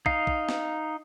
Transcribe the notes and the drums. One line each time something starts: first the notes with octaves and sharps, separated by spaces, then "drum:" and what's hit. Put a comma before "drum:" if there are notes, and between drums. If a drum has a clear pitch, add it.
D#4 F5, drum: kick
drum: kick
drum: snare